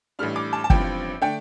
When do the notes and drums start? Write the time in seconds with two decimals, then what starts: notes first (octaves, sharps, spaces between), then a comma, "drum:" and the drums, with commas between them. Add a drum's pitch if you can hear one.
0.19 A1 A2 G3 D4 F6
0.36 D6
0.53 A5
0.64 A5
0.70 A1 G2 F3 C4 G5, drum: kick
1.22 D3 A3 D4 G5